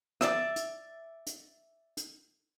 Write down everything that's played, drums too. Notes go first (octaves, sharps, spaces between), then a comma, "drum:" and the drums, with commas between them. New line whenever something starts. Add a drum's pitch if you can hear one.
D5 E5, drum: rim click
drum: hi-hat
drum: hi-hat
drum: hi-hat